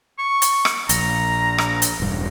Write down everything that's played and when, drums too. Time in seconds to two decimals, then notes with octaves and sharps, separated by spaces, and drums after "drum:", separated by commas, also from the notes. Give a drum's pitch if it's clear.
0.18 C#6
0.42 drum: hi-hat
0.65 drum: rim click
0.89 A#1 A#5, drum: hi-hat
1.58 drum: rim click
1.82 drum: hi-hat
2.00 E1 G2